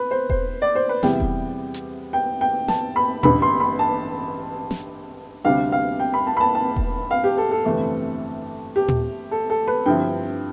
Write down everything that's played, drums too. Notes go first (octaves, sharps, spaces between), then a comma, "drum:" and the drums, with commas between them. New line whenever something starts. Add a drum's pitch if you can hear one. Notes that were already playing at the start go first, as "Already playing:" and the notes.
Already playing: B4
C5
C5, drum: kick E1
D5
C5
B4
E2 C3 G3 B3 E4 G5, drum: snare
drum: kick E1
drum: hi-hat
G5
G5
A5, drum: snare
B5
A1 G2 D3 B5, drum: tom A#2
C6
B5
A5
drum: snare
D2 C3 G3 D4 F5
F5
G5
B5
A5
B5
A5
A5
drum: kick E1
F5
G4
A4
A4
G1 F2 C3 E3 A3
G4
drum: tom A#2
A4
A4
B4
G2 D3 F3 C4 E4 G5